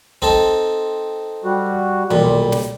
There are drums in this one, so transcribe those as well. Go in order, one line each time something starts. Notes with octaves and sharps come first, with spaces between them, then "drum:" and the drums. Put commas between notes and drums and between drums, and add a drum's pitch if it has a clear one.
C4 D#4 A4, drum: kick F#1
G3 F#4
B1 A#2 G3, drum: tom D#3
drum: snare